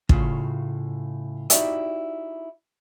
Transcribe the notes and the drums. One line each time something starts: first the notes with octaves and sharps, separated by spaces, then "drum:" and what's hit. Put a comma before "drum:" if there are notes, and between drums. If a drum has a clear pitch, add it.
A2 C#3 F4 F#4, drum: kick
D#4 E4 F#4 G4 D5 E5, drum: hi-hat